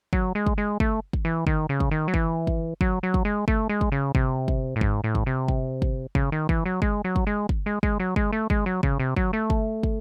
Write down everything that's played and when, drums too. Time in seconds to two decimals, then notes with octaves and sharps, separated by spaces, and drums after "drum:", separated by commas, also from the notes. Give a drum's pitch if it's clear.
0.13 F#3, drum: kick
0.35 G#3
0.46 drum: kick
0.58 G#3
0.80 A3, drum: kick
1.13 drum: kick
1.25 E3
1.47 D#3, drum: kick
1.69 C#3
1.80 drum: kick
1.91 D#3
2.08 F#3
2.14 E3, drum: kick
2.47 drum: kick
2.81 F#3, drum: kick
3.03 F#3
3.14 drum: kick
3.25 G#3
3.48 A3, drum: kick
3.69 G#3
3.81 drum: kick
3.92 C#3
4.15 C3, drum: kick
4.48 drum: kick
4.76 A2
4.81 G#2, drum: kick
5.04 A2
5.15 drum: kick
5.26 C3
5.48 drum: kick
5.82 drum: kick
6.15 C#3, drum: kick
6.32 D#3
6.49 E3, drum: kick
6.66 F#3
6.82 G#3, drum: kick
7.04 F#3
7.16 drum: kick
7.27 G#3
7.49 drum: kick
7.66 G#3
7.83 G#3, drum: kick
8.00 F#3
8.16 G#3, drum: kick
8.33 A3
8.50 G#3, drum: kick
8.66 F#3
8.83 C#3, drum: kick
9.00 C3
9.16 F#3, drum: kick
9.33 A3
9.50 drum: kick
9.83 drum: kick